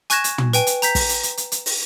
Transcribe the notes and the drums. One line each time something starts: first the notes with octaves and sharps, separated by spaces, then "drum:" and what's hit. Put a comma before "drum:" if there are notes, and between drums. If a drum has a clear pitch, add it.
G#5 C#6 F#6 G#6 A#6 E7, drum: hi-hat
drum: hi-hat
drum: tom
B4 G5 G#5, drum: hi-hat
drum: hi-hat
A#5 G6 B6, drum: hi-hat
drum: kick, open hi-hat
drum: hi-hat
drum: hi-hat
drum: hi-hat
drum: hi-hat
drum: open hi-hat